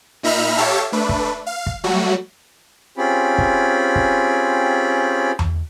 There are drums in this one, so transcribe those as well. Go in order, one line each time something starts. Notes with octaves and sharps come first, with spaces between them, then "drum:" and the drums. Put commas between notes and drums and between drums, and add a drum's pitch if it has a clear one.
A#2 D#4 E5 A#5 B5 F6
G4 A4 C#5 E5 F5 A5
A3 D4 B4
drum: kick
F5
drum: kick
F#3 G3 A3 F#4
C4 C#4 F4 G4 G#4 B5
drum: kick
drum: kick
drum: tom E2